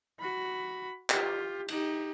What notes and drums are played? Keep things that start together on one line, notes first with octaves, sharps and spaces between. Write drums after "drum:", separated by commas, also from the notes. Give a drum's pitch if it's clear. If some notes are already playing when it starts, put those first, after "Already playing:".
F#4 B5
F4 G4, drum: clap
D#4 G4, drum: cymbal